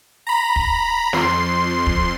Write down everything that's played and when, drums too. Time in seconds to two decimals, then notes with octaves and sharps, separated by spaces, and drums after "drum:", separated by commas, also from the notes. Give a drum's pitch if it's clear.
0.27 A#5 B5
0.56 drum: kick
1.13 F2 C6, drum: snare
1.87 drum: kick